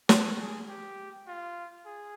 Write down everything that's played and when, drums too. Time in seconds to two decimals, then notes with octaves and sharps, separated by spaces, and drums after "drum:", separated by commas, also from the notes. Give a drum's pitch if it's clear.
0.09 G4, drum: snare
0.39 G#4
0.69 G4
1.27 F4
1.86 G#4